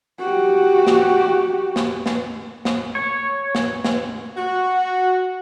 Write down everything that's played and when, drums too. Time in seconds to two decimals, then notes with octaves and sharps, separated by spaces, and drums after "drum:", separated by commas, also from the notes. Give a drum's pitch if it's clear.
0.20 F#4 G4
0.87 drum: snare
1.76 drum: snare
2.06 drum: snare
2.65 drum: snare
2.95 C#5
3.55 drum: snare
3.84 drum: snare
4.37 F#4